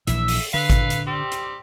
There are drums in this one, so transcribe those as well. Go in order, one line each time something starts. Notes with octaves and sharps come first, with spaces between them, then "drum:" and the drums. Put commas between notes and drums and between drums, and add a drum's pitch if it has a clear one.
A#1 E3 E5, drum: hi-hat
drum: open hi-hat
D3 A4 B4 F5
drum: kick G#1, hi-hat
drum: hi-hat
G3 C4 G4
drum: hi-hat